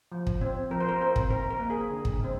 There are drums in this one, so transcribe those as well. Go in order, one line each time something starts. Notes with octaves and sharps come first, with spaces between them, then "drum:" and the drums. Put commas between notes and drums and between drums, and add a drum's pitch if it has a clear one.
F3
drum: kick
C4
F3 A#4
C5
A#4
C4 C5
drum: kick
D#3 A#4
A#4
A#3
G#4
D3
drum: kick
G#3 C4